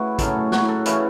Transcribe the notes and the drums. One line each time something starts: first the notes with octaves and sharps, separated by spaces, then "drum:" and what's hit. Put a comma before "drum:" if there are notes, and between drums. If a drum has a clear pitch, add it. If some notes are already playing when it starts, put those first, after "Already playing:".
Already playing: C#3 A3 E4 F#4 B4
A2 F#3 C#4 A4, drum: kick, hi-hat
F#4, drum: snare
A4
C#3 E3 C#4 E4, drum: hi-hat